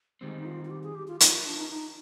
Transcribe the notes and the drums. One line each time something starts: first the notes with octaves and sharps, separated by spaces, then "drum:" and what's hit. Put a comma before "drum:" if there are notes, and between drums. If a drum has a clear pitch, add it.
D#3 G3 G#3 C4
D#4
F4
F4
G4
G#4
G4
F4
D#4, drum: hi-hat
F4
D4
D#4
D#4